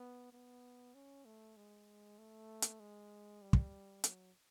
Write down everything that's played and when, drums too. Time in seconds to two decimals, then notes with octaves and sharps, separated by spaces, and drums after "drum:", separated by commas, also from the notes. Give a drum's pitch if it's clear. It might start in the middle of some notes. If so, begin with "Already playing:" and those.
Already playing: B3
0.32 B3
0.94 C#4
1.25 A3
1.57 G#3
2.18 A3
2.62 drum: hi-hat
2.80 G#3
3.42 G3
3.53 drum: kick
4.04 F#3, drum: hi-hat